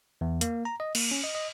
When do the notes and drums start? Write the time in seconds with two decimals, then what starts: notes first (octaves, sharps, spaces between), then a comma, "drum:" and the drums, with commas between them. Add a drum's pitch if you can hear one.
0.21 E2
0.41 A#3, drum: hi-hat
0.65 A#5
0.80 D#5
0.95 A#3, drum: cymbal
1.11 C#4
1.24 D#5
1.35 D#5